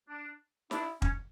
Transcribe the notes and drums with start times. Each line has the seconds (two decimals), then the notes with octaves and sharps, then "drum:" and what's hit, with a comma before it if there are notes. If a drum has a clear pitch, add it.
0.08 D4
0.71 D4 E4, drum: snare
1.02 C#4, drum: kick